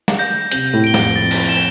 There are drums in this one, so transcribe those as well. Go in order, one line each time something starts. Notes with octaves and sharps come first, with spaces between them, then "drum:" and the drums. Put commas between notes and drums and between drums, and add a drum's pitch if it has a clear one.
drum: snare
G6 A#6
C3 G6, drum: hi-hat
A2
D7 G7
F2, drum: snare
A6
drum: cymbal
E7 G7